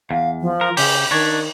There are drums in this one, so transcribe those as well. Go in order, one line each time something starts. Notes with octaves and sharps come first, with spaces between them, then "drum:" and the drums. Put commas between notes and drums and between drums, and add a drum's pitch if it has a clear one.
E2 F5
F3
A#4
C#3 G4, drum: open hi-hat
D#3 D4 C#5